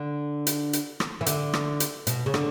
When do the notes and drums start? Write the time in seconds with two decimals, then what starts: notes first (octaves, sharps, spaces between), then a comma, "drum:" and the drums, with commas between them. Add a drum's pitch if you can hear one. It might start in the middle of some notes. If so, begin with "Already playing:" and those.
Already playing: D3
0.47 drum: hi-hat
0.73 drum: hi-hat
1.00 drum: rim click
1.21 E3
1.26 D3, drum: hi-hat
1.53 drum: rim click
1.80 drum: hi-hat
2.07 B2, drum: hi-hat
2.26 C#3
2.34 D3, drum: rim click